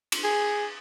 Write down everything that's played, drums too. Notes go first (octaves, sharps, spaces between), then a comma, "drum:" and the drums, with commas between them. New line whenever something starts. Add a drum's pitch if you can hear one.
drum: cymbal
G#4